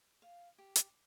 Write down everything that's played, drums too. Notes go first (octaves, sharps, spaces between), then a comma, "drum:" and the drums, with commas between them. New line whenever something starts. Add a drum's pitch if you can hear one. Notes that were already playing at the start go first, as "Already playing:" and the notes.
F5
G4
drum: hi-hat